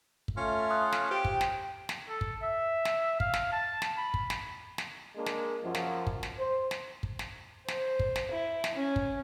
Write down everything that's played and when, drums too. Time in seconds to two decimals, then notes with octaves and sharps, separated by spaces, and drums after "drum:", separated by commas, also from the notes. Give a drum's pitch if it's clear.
0.28 drum: kick
0.37 A3 C#4 F4
0.70 C6 D#6 F#6
0.92 drum: snare
1.11 G4 C5 G5 D7
1.25 drum: kick
1.41 drum: snare
1.89 drum: snare
2.09 A4
2.21 drum: kick
2.42 E5
2.85 drum: snare
3.20 F5, drum: kick
3.33 drum: snare
3.52 A5
3.82 drum: snare
3.98 B5
4.14 drum: kick
4.30 drum: snare
4.78 drum: snare
5.16 G#3 A#3 D4
5.26 drum: snare
5.64 F#2 F3
5.75 drum: snare
6.07 drum: kick
6.23 drum: snare
6.38 C5
6.71 drum: snare
7.03 drum: kick
7.19 drum: snare
7.68 C5, drum: snare
7.99 drum: kick
8.16 drum: snare
8.32 E4
8.64 drum: snare
8.75 C#4
8.96 drum: kick